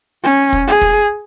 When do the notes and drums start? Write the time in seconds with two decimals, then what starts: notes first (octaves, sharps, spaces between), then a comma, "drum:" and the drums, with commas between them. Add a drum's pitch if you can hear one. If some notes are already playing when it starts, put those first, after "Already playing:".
0.24 C#4
0.53 drum: kick
0.67 G#4
0.82 drum: kick